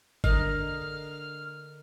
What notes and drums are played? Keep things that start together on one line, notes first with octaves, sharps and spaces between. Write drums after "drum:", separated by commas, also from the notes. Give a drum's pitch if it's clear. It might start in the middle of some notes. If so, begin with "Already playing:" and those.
D3 A#4 D#5 F6, drum: kick G#1